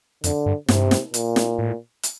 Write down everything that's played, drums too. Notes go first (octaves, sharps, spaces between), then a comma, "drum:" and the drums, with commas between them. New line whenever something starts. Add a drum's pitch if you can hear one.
F2 D3, drum: hi-hat
G2
G2 C3, drum: snare
drum: snare
A#2, drum: hi-hat
drum: snare
A2
drum: hi-hat